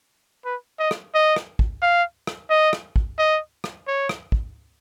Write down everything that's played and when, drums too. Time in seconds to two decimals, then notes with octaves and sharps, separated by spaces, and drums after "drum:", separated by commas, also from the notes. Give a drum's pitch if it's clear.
0.45 B4
0.79 D#5
0.91 drum: rim click
1.14 D#5
1.36 drum: rim click
1.59 drum: kick
1.82 F5
2.27 drum: rim click
2.50 D#5
2.73 drum: rim click
2.96 drum: kick
3.19 D#5
3.64 drum: rim click
3.87 C#5
4.09 drum: rim click
4.32 drum: kick